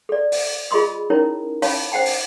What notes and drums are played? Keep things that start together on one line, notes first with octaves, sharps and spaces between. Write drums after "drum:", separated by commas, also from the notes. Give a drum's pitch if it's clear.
A4 D5
drum: open hi-hat
F4 G#4 D#5 B5 C6 D#6
C#4 D#4 E4 A#4 C#5
C#4 C#5 F5 A5 B5, drum: open hi-hat
C5 F#5 G5 A5
drum: open hi-hat